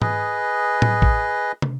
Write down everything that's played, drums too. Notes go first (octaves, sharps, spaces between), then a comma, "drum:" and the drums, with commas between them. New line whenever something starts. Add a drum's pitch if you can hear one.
G#4 B4 D#5, drum: tom G#2
drum: tom A2
drum: kick A1
drum: tom